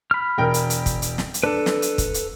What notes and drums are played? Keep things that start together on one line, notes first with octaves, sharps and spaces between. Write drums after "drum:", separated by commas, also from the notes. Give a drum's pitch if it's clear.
B5 F6
E1 A#4 G5
drum: hi-hat
drum: hi-hat
drum: kick, hi-hat
drum: hi-hat
drum: snare
drum: hi-hat
D4 A4 B4
drum: snare
drum: hi-hat
drum: kick, hi-hat
drum: hi-hat